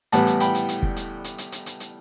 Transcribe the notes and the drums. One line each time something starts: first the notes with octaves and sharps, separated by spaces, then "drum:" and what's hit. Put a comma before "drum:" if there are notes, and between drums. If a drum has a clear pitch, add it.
A2 E3 G3 B3 F#5 A5, drum: hi-hat
drum: hi-hat
G5 B5, drum: hi-hat
drum: hi-hat
drum: hi-hat
drum: kick
drum: hi-hat
drum: hi-hat
drum: hi-hat
drum: hi-hat
drum: hi-hat
drum: hi-hat